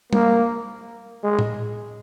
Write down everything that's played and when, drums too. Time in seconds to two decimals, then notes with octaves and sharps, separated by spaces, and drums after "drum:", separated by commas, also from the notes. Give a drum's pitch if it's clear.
0.13 A#3, drum: tom G3
1.24 G#3
1.39 drum: tom A2